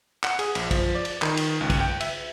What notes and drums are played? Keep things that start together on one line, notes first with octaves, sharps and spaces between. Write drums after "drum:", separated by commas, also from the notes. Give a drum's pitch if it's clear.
F#5, drum: clap
G#4, drum: cymbal
A#1, drum: cymbal
F3, drum: kick, cymbal
D5
drum: cymbal
D#3, drum: clap
drum: cymbal
C#2
drum: kick, cymbal
G5
E5, drum: cymbal